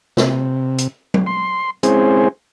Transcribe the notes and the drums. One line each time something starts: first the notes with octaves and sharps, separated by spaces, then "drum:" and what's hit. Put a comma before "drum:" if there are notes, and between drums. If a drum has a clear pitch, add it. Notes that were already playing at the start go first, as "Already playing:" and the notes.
C3, drum: snare
drum: hi-hat
drum: tom
C6
G#3 C4 C#4 E4 G#4 C5, drum: hi-hat